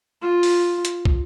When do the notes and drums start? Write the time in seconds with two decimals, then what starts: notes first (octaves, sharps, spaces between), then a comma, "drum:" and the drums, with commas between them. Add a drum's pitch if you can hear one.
0.22 F4
0.43 drum: open hi-hat
0.85 drum: hi-hat
1.05 drum: kick